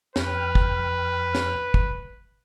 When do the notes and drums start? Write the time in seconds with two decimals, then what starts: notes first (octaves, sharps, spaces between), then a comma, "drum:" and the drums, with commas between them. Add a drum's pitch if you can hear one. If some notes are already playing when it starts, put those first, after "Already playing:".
0.16 F2 B4 G5 F6, drum: snare
0.55 drum: kick
1.35 drum: snare
1.74 drum: kick